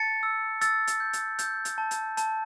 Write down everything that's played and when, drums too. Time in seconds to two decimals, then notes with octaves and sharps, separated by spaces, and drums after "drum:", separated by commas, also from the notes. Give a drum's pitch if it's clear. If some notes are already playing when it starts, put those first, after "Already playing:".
Already playing: A5 A6 C#7
0.23 E6
0.61 E6 A6, drum: hi-hat
0.87 drum: hi-hat
1.00 G6
1.13 drum: hi-hat
1.39 G6, drum: hi-hat
1.65 drum: hi-hat
1.78 A5
1.91 drum: hi-hat
2.17 A5, drum: hi-hat